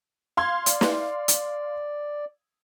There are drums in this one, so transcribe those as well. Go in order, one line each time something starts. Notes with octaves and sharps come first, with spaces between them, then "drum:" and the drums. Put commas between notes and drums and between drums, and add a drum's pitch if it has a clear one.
F5 C6 G#6
D5, drum: hi-hat
drum: snare
drum: hi-hat